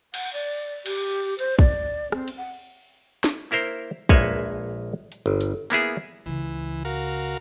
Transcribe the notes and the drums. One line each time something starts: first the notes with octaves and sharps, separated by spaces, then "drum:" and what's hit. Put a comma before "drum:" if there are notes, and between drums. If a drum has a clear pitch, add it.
F#5, drum: cymbal
D5
G4, drum: cymbal
C5, drum: cymbal
D5, drum: kick
C4, drum: rim click
drum: cymbal
F#5
drum: snare
A#3 E4 A#4 C5
A#1 G#3 A#3 B4 C#5 E5, drum: kick
drum: hi-hat
G1
drum: hi-hat
A#3 B3 E4 G#4, drum: hi-hat
C#2 C#3 E3
F#4 A#4 F5